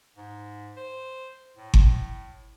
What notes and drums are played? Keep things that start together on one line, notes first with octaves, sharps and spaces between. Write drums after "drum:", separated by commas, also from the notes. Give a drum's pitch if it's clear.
G#2
C5
A2
drum: kick G1